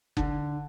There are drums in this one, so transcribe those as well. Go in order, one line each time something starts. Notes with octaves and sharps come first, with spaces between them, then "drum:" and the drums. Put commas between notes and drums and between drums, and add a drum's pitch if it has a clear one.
D3, drum: kick F#1